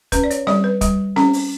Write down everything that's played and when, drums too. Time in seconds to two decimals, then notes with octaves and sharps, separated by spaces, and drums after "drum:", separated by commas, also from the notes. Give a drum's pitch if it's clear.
0.12 C#4 B4, drum: kick, hi-hat
0.24 D5
0.31 C#5, drum: hi-hat
0.47 G3 D5, drum: snare C4
0.64 B4
0.81 G3, drum: kick, hi-hat
1.16 C#4, drum: snare C4
1.33 drum: open hi-hat